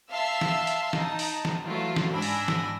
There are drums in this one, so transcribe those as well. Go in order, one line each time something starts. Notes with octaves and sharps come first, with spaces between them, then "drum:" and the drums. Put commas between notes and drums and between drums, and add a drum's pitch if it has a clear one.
E5 F5 A5 C6 E6
drum: snare
drum: hi-hat
D#4 A5, drum: snare
drum: open hi-hat
drum: snare
E3 F#3 A3 E4 F4
drum: snare
G#2 D4 G#5 B5 E6 A#6
drum: open hi-hat
drum: snare